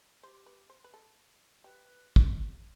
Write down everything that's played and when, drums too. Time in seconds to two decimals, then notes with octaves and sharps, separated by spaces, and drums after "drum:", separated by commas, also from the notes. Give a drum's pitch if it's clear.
0.23 G4 C5
0.46 B4
0.70 C5
0.84 B4
0.94 A4
1.64 G4 B4
2.16 drum: kick